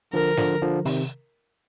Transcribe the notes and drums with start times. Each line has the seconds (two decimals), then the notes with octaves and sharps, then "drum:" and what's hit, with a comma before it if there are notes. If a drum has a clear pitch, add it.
0.13 D3 F3 A#4
0.37 D3 F3, drum: snare
0.62 D3 F3
0.85 C3 D#3, drum: open hi-hat